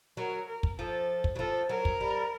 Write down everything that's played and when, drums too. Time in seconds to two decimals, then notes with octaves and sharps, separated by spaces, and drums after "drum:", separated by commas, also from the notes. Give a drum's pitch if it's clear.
0.17 F#3 A#4
0.48 A#4
0.63 drum: kick
0.79 F3 A4
1.24 drum: kick
1.36 F#3
1.39 F3 A4
1.69 F#3 A#4
1.85 drum: kick
2.01 G3